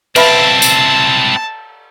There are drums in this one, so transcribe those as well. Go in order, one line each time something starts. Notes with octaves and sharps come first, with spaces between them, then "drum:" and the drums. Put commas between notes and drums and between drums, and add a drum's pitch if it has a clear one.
C4 E4 B4 E5 A5 B5, drum: cymbal
drum: tambourine